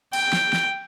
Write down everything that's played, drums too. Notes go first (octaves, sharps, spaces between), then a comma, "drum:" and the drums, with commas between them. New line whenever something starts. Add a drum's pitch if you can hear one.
G5, drum: cymbal
drum: snare
drum: snare